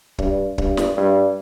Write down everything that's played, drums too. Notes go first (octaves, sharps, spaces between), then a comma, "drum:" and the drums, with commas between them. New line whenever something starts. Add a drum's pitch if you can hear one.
G2, drum: kick
G2, drum: kick
drum: snare
G2